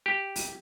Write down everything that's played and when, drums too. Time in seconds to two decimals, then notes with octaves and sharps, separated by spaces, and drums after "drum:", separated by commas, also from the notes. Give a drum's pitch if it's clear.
0.06 G4
0.36 drum: open hi-hat